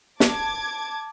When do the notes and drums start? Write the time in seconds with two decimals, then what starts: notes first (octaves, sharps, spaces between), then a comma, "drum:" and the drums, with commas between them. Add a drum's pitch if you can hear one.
0.20 A5 D6 G#6, drum: snare